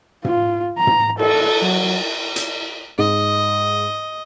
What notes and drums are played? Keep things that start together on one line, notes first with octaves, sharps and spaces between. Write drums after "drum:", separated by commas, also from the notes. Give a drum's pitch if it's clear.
F4, drum: tom
A#5
drum: tom
A4, drum: cymbal
F#3
drum: hi-hat
G#2 D#5